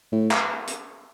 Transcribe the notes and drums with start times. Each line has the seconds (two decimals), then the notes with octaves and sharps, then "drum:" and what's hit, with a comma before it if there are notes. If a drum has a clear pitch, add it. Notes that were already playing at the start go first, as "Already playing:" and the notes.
0.13 A2
0.31 drum: clap
0.67 drum: hi-hat